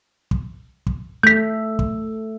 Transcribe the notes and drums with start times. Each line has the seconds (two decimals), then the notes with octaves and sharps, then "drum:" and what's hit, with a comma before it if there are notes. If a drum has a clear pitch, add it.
0.31 drum: kick
0.87 drum: kick
1.23 A3 G6 B6
1.79 drum: kick